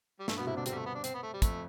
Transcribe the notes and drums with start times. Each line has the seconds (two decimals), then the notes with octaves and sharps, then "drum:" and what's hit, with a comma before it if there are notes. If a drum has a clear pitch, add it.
0.19 G3
0.28 G2 A3, drum: snare
0.37 B2 B3
0.47 C3 E4
0.57 D3 D4
0.66 C3 C4, drum: hi-hat
0.72 G3
0.75 A3
0.86 B3
0.95 D4
1.04 C4, drum: hi-hat
1.15 B3
1.23 A3
1.34 G3
1.42 F2 A3, drum: kick, hi-hat